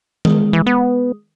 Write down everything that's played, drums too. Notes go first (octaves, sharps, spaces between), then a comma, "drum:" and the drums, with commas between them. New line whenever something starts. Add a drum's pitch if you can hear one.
G#3, drum: tom D#3
E3
B3